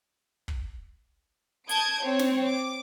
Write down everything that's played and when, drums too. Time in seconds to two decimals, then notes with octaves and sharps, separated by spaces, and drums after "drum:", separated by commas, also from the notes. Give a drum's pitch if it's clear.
0.48 drum: kick
1.69 A5 D#6 G6 G#6 D7, drum: hi-hat
2.03 C4 C#5
2.19 drum: snare
2.46 D6